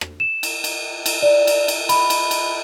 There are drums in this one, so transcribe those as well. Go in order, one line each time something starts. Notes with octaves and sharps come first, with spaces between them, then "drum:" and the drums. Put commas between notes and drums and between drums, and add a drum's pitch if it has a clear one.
drum: rim click
E7
drum: cymbal
drum: cymbal
drum: cymbal
D5
drum: cymbal
drum: cymbal
B5, drum: cymbal
drum: cymbal
drum: cymbal